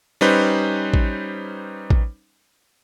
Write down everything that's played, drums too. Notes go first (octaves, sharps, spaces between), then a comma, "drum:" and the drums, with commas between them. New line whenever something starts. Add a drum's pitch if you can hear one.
G3 C#4 D#4 B4 C5
drum: kick A1
drum: kick A1